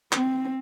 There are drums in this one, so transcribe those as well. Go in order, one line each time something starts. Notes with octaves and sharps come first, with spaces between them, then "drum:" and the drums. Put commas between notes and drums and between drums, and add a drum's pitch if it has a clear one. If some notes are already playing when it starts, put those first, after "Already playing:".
C4, drum: clap